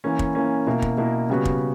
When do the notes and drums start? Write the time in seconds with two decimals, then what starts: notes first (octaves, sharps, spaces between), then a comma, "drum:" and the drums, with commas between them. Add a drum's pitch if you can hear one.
0.04 E3 A#3 C#4
0.19 drum: kick
0.35 E3 A#3 C#4
0.67 B2 A#3 E4
0.82 drum: kick
0.98 B2 A#3 E4
1.30 C#3 G3 B3 F#4
1.45 drum: kick